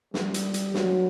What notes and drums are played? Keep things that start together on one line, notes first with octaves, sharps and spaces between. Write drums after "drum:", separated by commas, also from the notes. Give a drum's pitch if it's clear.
G3, drum: snare
drum: hi-hat
drum: hi-hat
F#3, drum: snare